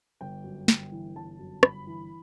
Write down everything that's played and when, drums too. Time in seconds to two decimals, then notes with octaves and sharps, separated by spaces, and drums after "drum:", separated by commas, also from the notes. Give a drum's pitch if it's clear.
0.21 G1 G5
0.44 F#2
0.68 G1, drum: snare
0.92 E3
1.16 G1 A5
1.39 F#2
1.63 G1 B5, drum: rim click
1.87 E3